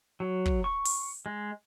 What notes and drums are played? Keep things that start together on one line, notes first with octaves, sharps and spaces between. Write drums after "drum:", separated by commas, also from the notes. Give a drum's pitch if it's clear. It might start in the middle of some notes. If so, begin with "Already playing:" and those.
F#3
drum: kick
C#6
drum: open hi-hat
G#3